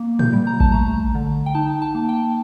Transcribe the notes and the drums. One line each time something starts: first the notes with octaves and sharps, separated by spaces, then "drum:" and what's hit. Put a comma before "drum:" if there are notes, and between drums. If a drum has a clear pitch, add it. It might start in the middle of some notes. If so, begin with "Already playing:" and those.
Already playing: A#3
G6, drum: tom A2
G3
A#5
A5, drum: kick A1
A3 A#5
D3
G5
D#4 A5
A5
A#3
G5